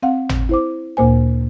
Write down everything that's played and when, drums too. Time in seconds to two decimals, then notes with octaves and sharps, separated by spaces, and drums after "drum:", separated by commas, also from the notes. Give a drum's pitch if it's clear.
0.03 C4 F5 F#5
0.29 drum: tom
0.49 E4 C5 D6
0.97 D2 A#2 A#3 C5 G#5